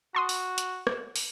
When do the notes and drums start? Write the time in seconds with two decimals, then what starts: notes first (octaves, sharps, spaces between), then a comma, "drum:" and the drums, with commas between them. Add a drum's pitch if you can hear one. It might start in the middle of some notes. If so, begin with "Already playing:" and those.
0.15 F#4 A5 C6 D#6
0.29 drum: open hi-hat
0.58 drum: hi-hat
0.87 drum: rim click
1.16 drum: open hi-hat